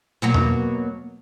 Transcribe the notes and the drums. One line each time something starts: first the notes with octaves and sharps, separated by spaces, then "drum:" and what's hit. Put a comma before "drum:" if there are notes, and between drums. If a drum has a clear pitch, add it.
B2 F#3 A#3
drum: tom E2